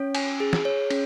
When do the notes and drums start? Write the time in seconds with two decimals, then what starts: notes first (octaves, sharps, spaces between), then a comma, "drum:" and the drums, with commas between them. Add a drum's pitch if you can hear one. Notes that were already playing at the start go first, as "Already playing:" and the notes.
Already playing: C#4 C#5
0.15 G#5, drum: cymbal
0.40 G#4
0.53 drum: snare
0.65 C#5
0.90 C#4, drum: cymbal